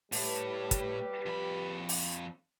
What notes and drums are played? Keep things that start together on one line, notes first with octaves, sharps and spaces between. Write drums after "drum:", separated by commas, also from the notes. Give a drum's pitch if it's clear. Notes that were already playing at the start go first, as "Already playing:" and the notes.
A2 G3 G4 B4, drum: open hi-hat
drum: kick, hi-hat
F2 B5
drum: open hi-hat